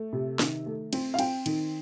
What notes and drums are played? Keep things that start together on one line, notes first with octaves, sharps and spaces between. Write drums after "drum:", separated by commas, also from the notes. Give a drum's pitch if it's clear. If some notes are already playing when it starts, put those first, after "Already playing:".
Already playing: A3
C3
D#3, drum: snare
A3
C4, drum: cymbal
F5
C4 G5, drum: cymbal
D#3, drum: cymbal